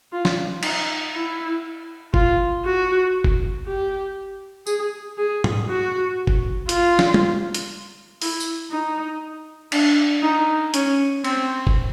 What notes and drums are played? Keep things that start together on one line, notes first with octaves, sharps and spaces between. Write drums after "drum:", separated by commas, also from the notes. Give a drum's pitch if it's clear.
F4
drum: snare
D#4, drum: cymbal
E4
F4, drum: kick F#1
F#4
drum: kick F#1
G4
G#4, drum: tambourine
G#4
drum: tom G#2
F#4
drum: kick F#1
F4, drum: hi-hat
drum: snare
drum: tom
drum: hi-hat
E4, drum: open hi-hat
drum: tambourine
D#4
D4, drum: cymbal
D#4
C#4, drum: hi-hat
C4, drum: cymbal
drum: kick F#1